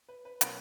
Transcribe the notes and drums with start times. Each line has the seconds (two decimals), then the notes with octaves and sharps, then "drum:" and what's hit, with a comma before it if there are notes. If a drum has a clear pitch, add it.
0.09 B4
0.25 B4
0.41 B2 F#3 C#4 A#4, drum: hi-hat